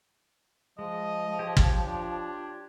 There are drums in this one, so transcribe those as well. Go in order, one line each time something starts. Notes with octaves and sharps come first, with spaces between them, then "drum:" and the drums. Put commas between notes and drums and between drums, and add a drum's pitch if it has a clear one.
F3 G#3 G#4 D#5
G4 C5 C#5
drum: kick
D4 F4